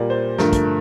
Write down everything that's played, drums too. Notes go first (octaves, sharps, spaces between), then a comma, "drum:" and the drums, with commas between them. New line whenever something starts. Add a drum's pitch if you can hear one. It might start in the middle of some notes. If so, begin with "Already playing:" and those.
Already playing: A#2 G3 A#3 D5
C5
G2 D3 F3 A3 A#4, drum: snare
drum: kick, hi-hat